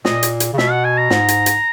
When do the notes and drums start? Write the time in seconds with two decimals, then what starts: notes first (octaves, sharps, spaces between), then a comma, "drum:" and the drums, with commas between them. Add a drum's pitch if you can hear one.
0.05 A#2 D#5, drum: snare
0.23 drum: hi-hat
0.40 drum: hi-hat
0.53 C#3
0.58 B2 E5, drum: snare
0.71 F#5
0.84 G#5
0.97 A#5
1.10 G#2, drum: snare
1.28 drum: hi-hat
1.46 drum: hi-hat